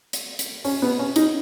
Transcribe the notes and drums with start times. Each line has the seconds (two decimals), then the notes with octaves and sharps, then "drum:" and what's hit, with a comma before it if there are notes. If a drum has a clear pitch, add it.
0.13 drum: hi-hat
0.39 drum: hi-hat
0.65 C#4, drum: open hi-hat
0.82 B3
0.99 C#4
1.16 D#4, drum: hi-hat